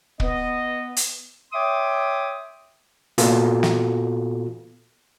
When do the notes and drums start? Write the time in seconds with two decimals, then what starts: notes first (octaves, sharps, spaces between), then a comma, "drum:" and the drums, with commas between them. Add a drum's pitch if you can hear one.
0.20 B3 D#5, drum: kick
0.97 drum: hi-hat
1.53 C#5 E5 G5 C6 D6 D#6
3.18 A#2 B3 F4 F#4 A4, drum: hi-hat
3.63 drum: snare